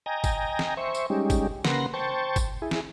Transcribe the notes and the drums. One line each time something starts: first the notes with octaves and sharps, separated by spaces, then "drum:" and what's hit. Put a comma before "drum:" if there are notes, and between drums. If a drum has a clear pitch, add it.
D#5 G5 G#5 A#5
drum: kick G1, tambourine
drum: snare
C5 E5 C#6
drum: tambourine
G3 G#3 C#4 D#4 G4
drum: kick G1, tambourine
C#3 A#3 B4 F#5 C6 A#6, drum: snare
C5 G5 A5 C#6
drum: kick G1, tambourine
E4 G#4
drum: snare